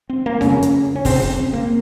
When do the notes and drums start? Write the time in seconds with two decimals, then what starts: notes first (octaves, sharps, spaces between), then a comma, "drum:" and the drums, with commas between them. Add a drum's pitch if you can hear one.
0.09 C4
0.26 A#3
0.41 F2 C#3 C#4, drum: snare C#4
0.63 drum: hi-hat
0.95 C#4
1.05 F2 C#3 C4, drum: kick, open hi-hat
1.20 C#4
1.36 C4
1.53 A#3